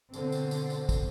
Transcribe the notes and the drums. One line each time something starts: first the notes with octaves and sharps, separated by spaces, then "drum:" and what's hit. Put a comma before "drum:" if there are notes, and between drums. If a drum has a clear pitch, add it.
B2 D3 C4, drum: tambourine
drum: tambourine
drum: tambourine
drum: tambourine
drum: kick, tambourine